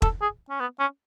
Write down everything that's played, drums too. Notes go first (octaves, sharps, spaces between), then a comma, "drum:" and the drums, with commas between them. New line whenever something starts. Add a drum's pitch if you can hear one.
A4, drum: kick
G#4
C#4
B3
C#4